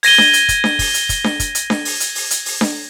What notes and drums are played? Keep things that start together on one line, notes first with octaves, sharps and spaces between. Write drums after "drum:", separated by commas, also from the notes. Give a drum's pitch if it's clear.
G#6 A#6 D#7 G7, drum: open hi-hat
drum: snare D4
drum: hi-hat
drum: kick, hi-hat
drum: snare D4
drum: kick, open hi-hat
drum: hi-hat
drum: kick, hi-hat
drum: snare D4
drum: kick, hi-hat
drum: hi-hat
drum: snare D4
drum: open hi-hat
drum: hi-hat
drum: open hi-hat
drum: hi-hat
drum: open hi-hat
drum: snare D4